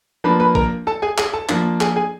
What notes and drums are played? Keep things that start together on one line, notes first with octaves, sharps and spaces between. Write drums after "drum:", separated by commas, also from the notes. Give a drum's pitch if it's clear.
F3 A#3 D4 B4 B5
B4 B5
A#4 A#5, drum: kick
A4 A5
G#4 G#5
G#4 G#5, drum: clap
A4 A5
F3 A#3 D4, drum: clap
G#4 G#5, drum: clap
G#4 G#5